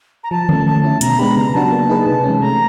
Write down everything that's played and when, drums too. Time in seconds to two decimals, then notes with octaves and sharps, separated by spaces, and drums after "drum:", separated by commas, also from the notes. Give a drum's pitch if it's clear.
0.24 A#5
0.31 F3 A5
0.49 A3 C#4, drum: tom D3
0.66 A3 A5
0.84 C#4 E4
1.01 B2 A#5, drum: hi-hat
1.19 G#3 B3 D4 G4 B5
1.36 C#3 A#5
1.54 F#3 B3 D4 F#4 A5
1.71 A#3
1.89 D#4 G#4 B4
2.07 C3
2.24 E3 G#3 C#4
2.41 A3 A#5